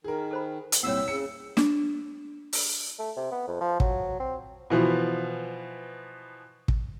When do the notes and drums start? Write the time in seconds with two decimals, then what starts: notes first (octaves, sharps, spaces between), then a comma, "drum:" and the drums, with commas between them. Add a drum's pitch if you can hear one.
0.04 D#3 G#4 A#4
0.31 A4 C5 B5
0.72 drum: hi-hat
0.83 C2 A#2 C4 C#5 F#5 E6
1.08 C#3 C#7
1.57 D4, drum: snare
2.53 drum: open hi-hat
2.99 A3
3.16 C3
3.32 B3
3.47 F2
3.61 F3
3.80 F#3, drum: kick
4.20 C4
4.70 B2 E3 F3
6.68 drum: kick